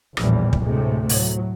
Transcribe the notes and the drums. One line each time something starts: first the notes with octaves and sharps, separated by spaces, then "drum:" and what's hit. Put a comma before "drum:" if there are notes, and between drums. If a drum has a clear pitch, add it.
A#1 E2 A2 E3 G3, drum: rim click
drum: kick
D2 A2 C3 G#3 A3
A2 F#3, drum: open hi-hat